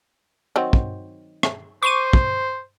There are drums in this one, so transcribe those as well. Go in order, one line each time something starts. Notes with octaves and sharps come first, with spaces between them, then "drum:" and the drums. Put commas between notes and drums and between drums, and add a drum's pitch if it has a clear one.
D#3 F#3 C4
drum: kick
drum: rim click
C5 C#6 D6 D#7
drum: kick